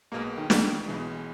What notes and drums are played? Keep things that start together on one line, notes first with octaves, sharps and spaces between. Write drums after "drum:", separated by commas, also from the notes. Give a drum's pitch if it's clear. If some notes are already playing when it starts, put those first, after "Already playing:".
B1 B2 G#3 A#3
D#3
drum: snare
E3
D#3
B1 B2 E3 G#3